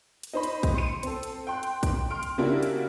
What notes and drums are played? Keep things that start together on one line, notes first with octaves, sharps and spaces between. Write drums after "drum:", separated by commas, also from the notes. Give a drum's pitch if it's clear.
drum: hi-hat
D#4 C5 B5
drum: hi-hat
drum: kick A#1, hi-hat
C6 C#7 D#7
C4 A4, drum: hi-hat
drum: hi-hat
G5 C6 F#6
drum: hi-hat
drum: kick A#1, hi-hat
C6 F6 D7
drum: hi-hat
C#3 G3 A#3 D4 E4 F#4
drum: hi-hat